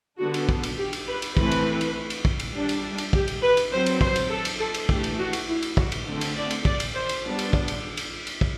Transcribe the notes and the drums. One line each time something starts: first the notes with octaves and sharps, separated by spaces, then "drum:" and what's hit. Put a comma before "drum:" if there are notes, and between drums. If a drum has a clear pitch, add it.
D3 G3 B3 D4 F#4
drum: cymbal
drum: kick
drum: cymbal
G4
drum: cymbal
B4
drum: cymbal
E3 A3 C4 B4, drum: kick
drum: cymbal
drum: cymbal
drum: cymbal
drum: kick
drum: cymbal
G3 D4
drum: cymbal
drum: cymbal
G4, drum: kick
drum: cymbal
B4
drum: cymbal
F#3 C4 C5
drum: cymbal
C5, drum: kick
drum: cymbal
A4
drum: cymbal
A4
drum: cymbal
E3 A3 D4 G4, drum: kick
drum: cymbal
F#4
drum: cymbal
E4
drum: cymbal
F#4, drum: kick
drum: cymbal
D3 A3 C4
drum: cymbal
D5
drum: cymbal
D5, drum: kick
drum: cymbal
C5
drum: cymbal
G3 B3 D4
drum: cymbal
drum: kick
drum: cymbal
drum: cymbal
drum: cymbal
drum: kick